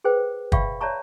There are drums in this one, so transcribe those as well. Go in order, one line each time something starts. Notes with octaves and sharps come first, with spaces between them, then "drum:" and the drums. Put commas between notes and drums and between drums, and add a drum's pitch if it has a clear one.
G#4 B4 C5 G5
D5 E5 F5 G5 B5 C#6, drum: kick
C#5 D5 E5 A5 A#5 C#6